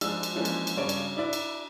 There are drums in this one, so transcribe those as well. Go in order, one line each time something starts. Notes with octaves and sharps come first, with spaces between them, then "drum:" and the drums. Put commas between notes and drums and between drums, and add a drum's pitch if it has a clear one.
F3 G#3 D4 E6, drum: cymbal
drum: cymbal
E3 F3 G#3 A#3 C#4 D4
drum: cymbal
drum: cymbal
G2 C#3 C#5 D5 D7
drum: cymbal
D4 E4 D5
drum: cymbal